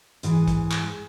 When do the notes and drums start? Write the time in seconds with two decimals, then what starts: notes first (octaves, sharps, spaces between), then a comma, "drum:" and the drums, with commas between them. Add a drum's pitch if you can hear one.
0.23 G#2 E3 G#4, drum: hi-hat
0.48 drum: kick, hi-hat
0.71 drum: clap